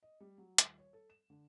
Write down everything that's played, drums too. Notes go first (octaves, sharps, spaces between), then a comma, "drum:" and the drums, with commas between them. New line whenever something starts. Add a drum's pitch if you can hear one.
D#5
G3
F#3
D#1, drum: hi-hat
C#5
A4
E7
D3